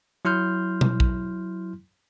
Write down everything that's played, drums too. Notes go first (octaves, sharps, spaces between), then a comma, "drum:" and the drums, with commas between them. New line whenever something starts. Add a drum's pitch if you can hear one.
F#3 E4 C6 F6 G6
drum: tom B2
drum: kick A#1